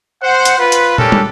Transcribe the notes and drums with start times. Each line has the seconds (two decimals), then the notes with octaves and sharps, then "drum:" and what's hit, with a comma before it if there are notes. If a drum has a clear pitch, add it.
0.22 C5 F#5
0.45 drum: hi-hat
0.59 F4 B4
0.72 drum: hi-hat
0.98 C#4 D4 G4 A4 A#4, drum: tom
1.12 drum: tom